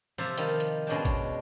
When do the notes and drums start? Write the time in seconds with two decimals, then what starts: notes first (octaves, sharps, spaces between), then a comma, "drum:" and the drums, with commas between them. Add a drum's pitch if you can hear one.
0.18 C3 F3 C5 E5 A5 A#5
0.38 D#3 F3 G3, drum: hi-hat
0.60 drum: hi-hat
0.87 B2 G#3 C#4 D4 G5 A5
1.05 drum: kick G1, hi-hat